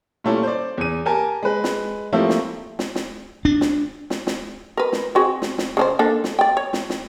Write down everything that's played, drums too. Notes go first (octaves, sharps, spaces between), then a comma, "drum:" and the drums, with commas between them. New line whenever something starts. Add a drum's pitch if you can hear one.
A#2 G3 A3 C#4 E4 A4
C5 D5
E2 D#7
G4 A#4 G#5 A5
G#3 B4
drum: snare
F3 A3 A#3 C4 E4 G4
drum: snare
drum: snare
drum: snare
D4
drum: snare
drum: snare
drum: snare
A#4 B4
drum: snare
C4 F#4 G#4
drum: snare
drum: snare
C#3 D4 C5
A#3 D4 A4
drum: snare
D5 G5
C#5
drum: snare
drum: snare